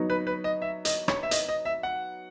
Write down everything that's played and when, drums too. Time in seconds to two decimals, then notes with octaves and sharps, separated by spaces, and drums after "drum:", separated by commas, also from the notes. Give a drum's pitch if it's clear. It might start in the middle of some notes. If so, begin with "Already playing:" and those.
Already playing: F#3 B3 D#4
0.10 B4
0.27 B4
0.44 D#5
0.62 E5
0.85 D#5, drum: hi-hat
1.08 C#5, drum: rim click
1.23 E5
1.31 D#5, drum: hi-hat
1.49 D#5
1.65 E5
1.83 F#5